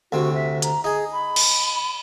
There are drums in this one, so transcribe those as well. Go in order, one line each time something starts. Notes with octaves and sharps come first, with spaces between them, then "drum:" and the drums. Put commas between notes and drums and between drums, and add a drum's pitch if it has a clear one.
D2 C3 C4 F#4
E5
A#5, drum: hi-hat
D#4 G#4 G#5
B5
drum: cymbal